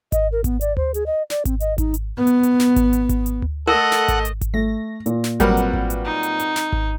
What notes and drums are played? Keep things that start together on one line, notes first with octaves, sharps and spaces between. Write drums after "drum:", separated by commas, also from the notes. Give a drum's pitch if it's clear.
D#5, drum: kick G#1, hi-hat
A#4
B3, drum: kick G#1, hi-hat
D5, drum: hi-hat
C5, drum: tom D2
G#4, drum: hi-hat
D#5
D5, drum: snare
C4, drum: kick G#1, hi-hat
D#5, drum: hi-hat
D#4, drum: kick G#1, hi-hat
drum: hi-hat
B3
drum: hi-hat
drum: hi-hat
drum: snare
drum: kick G#1, hi-hat
drum: hi-hat
drum: kick G#1, hi-hat
drum: hi-hat
drum: tom D2
A3 A4 A#4 D#5 F#5
drum: snare
drum: kick G#1, hi-hat
drum: hi-hat
drum: kick G#1, hi-hat
A3 A#6
A#2, drum: hi-hat
drum: snare
F#3 G3 C4 A#4 B4 F#5, drum: kick G#1, hi-hat
drum: hi-hat
drum: kick G#1
drum: hi-hat
D#4
drum: hi-hat
drum: hi-hat
drum: snare
drum: kick G#1